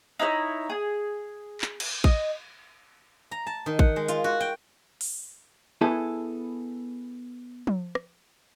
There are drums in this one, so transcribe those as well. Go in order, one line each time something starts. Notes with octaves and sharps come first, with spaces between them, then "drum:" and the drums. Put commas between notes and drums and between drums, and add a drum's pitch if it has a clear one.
D#4 E4 B4 C#5
G#4
drum: clap
drum: cymbal
D#5, drum: kick A1
A#5
A5
D#3
F#5, drum: kick A1
G#3
F4, drum: hi-hat
F#4
G5
drum: open hi-hat
B3 E4 G#4 A4
drum: tom F3
drum: rim click